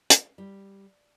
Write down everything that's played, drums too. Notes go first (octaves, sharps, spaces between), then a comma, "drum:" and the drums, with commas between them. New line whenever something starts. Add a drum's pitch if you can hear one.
drum: hi-hat
G3